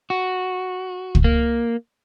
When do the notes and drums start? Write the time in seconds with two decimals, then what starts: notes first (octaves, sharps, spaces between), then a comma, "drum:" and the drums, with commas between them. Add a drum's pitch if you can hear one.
0.10 F#4
1.15 drum: kick
1.24 A#3